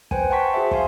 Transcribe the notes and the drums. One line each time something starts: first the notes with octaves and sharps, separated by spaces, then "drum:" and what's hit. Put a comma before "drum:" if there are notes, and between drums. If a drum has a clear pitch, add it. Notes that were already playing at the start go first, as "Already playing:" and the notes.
B4 C5 G5 G#5, drum: kick
F#5 G5 A5 C6 C#6 B6
F#4 G#4 C5 E5 A5
F5 G#5 C6, drum: kick